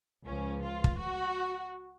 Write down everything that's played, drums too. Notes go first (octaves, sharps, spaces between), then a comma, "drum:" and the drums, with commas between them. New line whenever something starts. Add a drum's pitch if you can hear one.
C#2 C#3 F3 C#4
F4
drum: kick
F#4